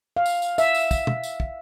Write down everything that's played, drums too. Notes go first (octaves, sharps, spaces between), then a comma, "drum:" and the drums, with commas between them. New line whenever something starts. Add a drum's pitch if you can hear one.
F5
drum: tambourine
drum: tambourine
E5, drum: tambourine
drum: tambourine
drum: kick, tambourine
drum: tom
drum: tambourine
drum: kick